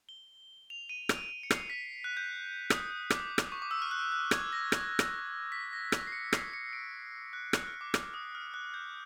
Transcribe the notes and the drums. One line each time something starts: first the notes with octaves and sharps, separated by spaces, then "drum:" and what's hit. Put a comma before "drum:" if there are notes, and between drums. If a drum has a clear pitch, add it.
G7
F7
D#7
D7, drum: rim click
C#7
C7, drum: rim click
B6
F#6
G6
D#6, drum: rim click
D6, drum: rim click
drum: rim click
C#6
D6
E6
F6
F#6
F#6
G#6, drum: rim click
A#6
drum: rim click
drum: rim click
B6
A#6
B6, drum: rim click
C7
C#7
C7, drum: rim click
C#7
D7
F#6
F#6, drum: rim click
F6
D6
D6, drum: rim click
D#6
F6
F#6
G6